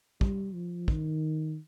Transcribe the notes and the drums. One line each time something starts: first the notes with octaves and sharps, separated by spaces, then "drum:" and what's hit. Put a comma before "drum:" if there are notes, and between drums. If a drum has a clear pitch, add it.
G3, drum: kick
F3
D#3, drum: kick